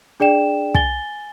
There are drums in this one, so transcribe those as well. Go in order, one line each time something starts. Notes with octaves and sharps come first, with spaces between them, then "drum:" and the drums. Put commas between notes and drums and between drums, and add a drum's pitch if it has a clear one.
D4 G#4 D5 G5 E7
G#5 A6 G7, drum: kick